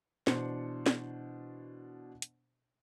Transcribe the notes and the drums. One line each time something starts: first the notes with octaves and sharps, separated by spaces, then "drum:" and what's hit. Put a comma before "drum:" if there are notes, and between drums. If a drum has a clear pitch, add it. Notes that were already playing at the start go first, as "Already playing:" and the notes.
B2 E3 D4 C5 C6 C#7, drum: snare
drum: snare
drum: hi-hat